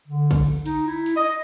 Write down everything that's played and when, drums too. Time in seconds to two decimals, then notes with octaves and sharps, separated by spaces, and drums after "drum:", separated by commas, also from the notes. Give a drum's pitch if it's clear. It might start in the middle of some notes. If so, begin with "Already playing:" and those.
0.08 D3
0.31 drum: kick A#1, cymbal
0.66 D#4, drum: cymbal
0.87 E4
1.06 drum: cymbal
1.16 D#5